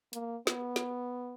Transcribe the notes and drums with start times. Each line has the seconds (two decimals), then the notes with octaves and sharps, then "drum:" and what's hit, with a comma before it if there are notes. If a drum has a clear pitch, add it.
0.13 A#3, drum: hi-hat
0.47 B3, drum: snare
0.76 drum: snare